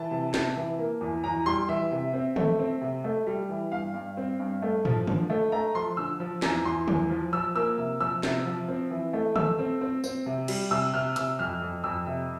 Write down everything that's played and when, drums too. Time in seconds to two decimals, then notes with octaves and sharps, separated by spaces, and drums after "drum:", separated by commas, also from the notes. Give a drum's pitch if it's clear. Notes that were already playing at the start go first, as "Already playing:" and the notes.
Already playing: E3 A5
0.11 C3
0.34 C3, drum: snare
0.56 E3
0.78 A#3
1.01 E2
1.24 E2 A#5
1.46 G3 C6
1.68 E3 E5
1.92 C3
2.13 C4
2.36 A3, drum: tom
2.59 C4
2.82 C3
3.04 A3
3.27 G3
3.49 E3
3.72 G2 F5
3.94 G2
4.17 C4
4.40 G2
4.62 A3
4.85 F3, drum: tom
5.07 D3, drum: tom
5.30 A3
5.52 A3 A#5
5.75 F3 C6
5.97 D3 E6
6.20 F3
6.42 E2 A#5, drum: snare
6.65 E2 C6
6.88 E2, drum: tom
7.10 F3
7.33 F3 E6
7.55 A#3 E6
7.78 C3
8.00 F3 E6
8.23 C3, drum: snare
8.46 F3
8.68 C4
8.91 E3
9.13 A3
9.36 A3 E6, drum: tom
9.59 C4
9.81 C4
10.04 C4, drum: tambourine
10.26 C3
10.48 G3, drum: cymbal
10.71 C3 E6
10.94 C3 F6
11.16 C3 E6, drum: hi-hat
11.39 F2 F6
11.62 F2
11.84 F2 E6
12.07 C3